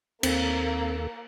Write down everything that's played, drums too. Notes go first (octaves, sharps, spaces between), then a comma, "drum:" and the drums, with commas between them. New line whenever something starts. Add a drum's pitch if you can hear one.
D#2 A#3 C4 A4, drum: cymbal